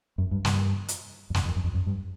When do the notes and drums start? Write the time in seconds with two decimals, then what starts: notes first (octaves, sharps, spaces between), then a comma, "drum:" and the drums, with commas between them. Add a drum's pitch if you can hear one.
0.18 F#2
0.31 G2
0.45 G2, drum: snare
0.88 drum: hi-hat
1.30 F2
1.34 F#2, drum: snare
1.45 F2
1.56 F#2
1.64 F2
1.74 F#2
1.86 G2